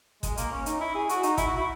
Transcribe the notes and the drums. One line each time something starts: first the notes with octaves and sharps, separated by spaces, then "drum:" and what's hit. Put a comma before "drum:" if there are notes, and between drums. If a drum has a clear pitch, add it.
G#3, drum: kick G1, hi-hat
A#3, drum: hi-hat
C#4
D#4, drum: hi-hat
E4
G#4
F#4, drum: hi-hat
D#4, drum: hi-hat
E4, drum: kick G1, hi-hat
F#4
E4